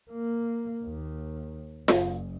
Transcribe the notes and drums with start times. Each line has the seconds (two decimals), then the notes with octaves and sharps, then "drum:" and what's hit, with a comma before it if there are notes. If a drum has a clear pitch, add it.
0.11 A#3
0.83 D#2
1.88 F#1, drum: snare F4